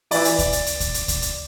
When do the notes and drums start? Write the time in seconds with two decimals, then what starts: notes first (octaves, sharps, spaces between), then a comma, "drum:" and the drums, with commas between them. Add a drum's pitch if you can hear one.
0.11 E3 D5, drum: open hi-hat
0.25 drum: hi-hat
0.39 drum: kick D2, hi-hat
0.52 drum: hi-hat
0.66 drum: hi-hat
0.80 drum: kick D2, hi-hat
0.94 drum: hi-hat
1.08 drum: kick D2, hi-hat
1.22 drum: hi-hat